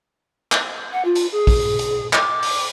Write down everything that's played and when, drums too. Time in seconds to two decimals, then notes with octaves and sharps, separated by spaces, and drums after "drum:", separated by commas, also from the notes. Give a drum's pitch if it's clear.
0.52 drum: clap
0.92 F#5
1.04 F4
1.15 drum: hi-hat
1.31 G#4
1.47 drum: kick, open hi-hat
1.79 drum: hi-hat
2.13 D6, drum: clap
2.43 drum: open hi-hat